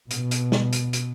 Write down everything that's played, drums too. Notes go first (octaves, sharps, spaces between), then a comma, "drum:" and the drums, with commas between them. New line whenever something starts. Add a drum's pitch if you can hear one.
B2, drum: hi-hat
drum: hi-hat
drum: snare
drum: hi-hat
drum: hi-hat